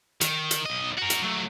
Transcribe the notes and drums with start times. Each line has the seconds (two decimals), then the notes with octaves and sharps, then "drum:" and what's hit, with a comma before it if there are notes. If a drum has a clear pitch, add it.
0.21 D#3, drum: hi-hat
0.51 drum: hi-hat
0.66 B1 D#5
0.98 F#4 A#4
1.10 drum: hi-hat
1.22 F#3 A3